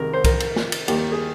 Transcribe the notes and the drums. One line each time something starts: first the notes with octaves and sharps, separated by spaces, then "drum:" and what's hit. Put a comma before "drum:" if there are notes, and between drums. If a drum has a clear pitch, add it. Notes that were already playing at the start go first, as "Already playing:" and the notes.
Already playing: C2 C3 D#3 G#3 A#4
C5
A#4, drum: kick C2, cymbal
drum: cymbal
drum: snare
drum: cymbal
D#2 D#3 G3 A#3 G4, drum: cymbal
G#4